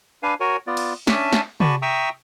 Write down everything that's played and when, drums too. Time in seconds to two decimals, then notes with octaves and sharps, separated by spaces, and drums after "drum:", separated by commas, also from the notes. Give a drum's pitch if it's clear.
0.23 D4 B4 F5 G#5
0.40 F#4 A#4 C#5 G#5
0.67 B3 F4 D5
0.77 drum: cymbal
1.07 C#4 D4 D5 E5 G#5 A5, drum: snare
1.33 drum: snare
1.60 F#4 D5 G#5 A5 B5 C#6, drum: tom
1.82 E5 G5 A#5 C#6 D#6 E6